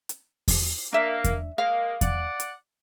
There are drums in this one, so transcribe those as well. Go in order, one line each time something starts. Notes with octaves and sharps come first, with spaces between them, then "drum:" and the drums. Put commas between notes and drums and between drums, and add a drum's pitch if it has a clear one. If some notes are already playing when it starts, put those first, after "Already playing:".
drum: hi-hat
drum: kick E2, open hi-hat
A#3 D4 E5
drum: kick E2, hi-hat
G#3 A#3 F5
D5 F#5, drum: kick E2, hi-hat
drum: hi-hat